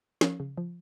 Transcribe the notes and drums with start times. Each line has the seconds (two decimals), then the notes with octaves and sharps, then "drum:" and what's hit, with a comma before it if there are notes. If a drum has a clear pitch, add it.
0.21 F3 C#4, drum: snare
0.40 C#3
0.58 F3